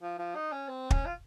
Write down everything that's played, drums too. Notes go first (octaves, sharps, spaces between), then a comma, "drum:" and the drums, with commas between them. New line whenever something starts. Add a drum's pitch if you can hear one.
F3
F3
D#4
C#4
C4
C#4, drum: kick
F4